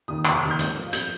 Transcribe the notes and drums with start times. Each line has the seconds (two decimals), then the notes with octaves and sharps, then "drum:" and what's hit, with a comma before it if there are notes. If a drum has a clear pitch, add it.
0.08 D#2 D#3 D#6
0.25 F1 D6, drum: clap
0.34 D#6
0.42 D#2 D#3 F6
0.51 G6
0.59 G#2, drum: hi-hat
0.76 F3 C4
0.93 G6, drum: hi-hat